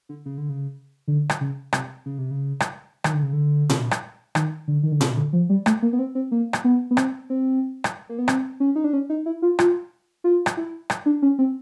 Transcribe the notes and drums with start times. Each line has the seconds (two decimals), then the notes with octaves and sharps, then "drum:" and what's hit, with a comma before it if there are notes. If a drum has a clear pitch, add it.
0.09 D3
0.26 C#3
0.38 D3
0.50 C#3
1.08 D3
1.30 drum: rim click
1.41 C#3
1.73 C3, drum: rim click
2.06 C#3
2.18 C3
2.31 C#3
2.60 drum: rim click
3.04 D#3, drum: rim click
3.13 D3
3.23 C#3
3.33 D3
3.70 drum: tom A#2
3.91 drum: rim click
4.35 D#3, drum: rim click
4.68 D3
4.83 D#3
4.92 D3
5.01 C#3, drum: tom A#2
5.17 D3
5.33 F3
5.49 G3
5.66 A3, drum: rim click
5.82 A#3
5.93 B3
5.99 C4
6.15 C4
6.32 A#3
6.53 drum: rim click
6.64 B3
6.91 B3
6.97 C4, drum: rim click
7.30 C4
7.84 drum: rim click
8.09 A#3
8.19 B3
8.28 C4, drum: rim click
8.60 C#4
8.76 D#4
8.84 D4
8.93 C#4
9.10 D#4
9.26 E4
9.42 F4
9.59 F4, drum: rim click
10.24 F4
10.46 drum: rim click
10.57 E4
10.90 drum: rim click
11.06 D4
11.22 C#4
11.39 C4